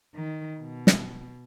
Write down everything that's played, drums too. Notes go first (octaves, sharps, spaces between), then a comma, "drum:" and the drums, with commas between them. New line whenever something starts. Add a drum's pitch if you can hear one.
D#3
B2
drum: snare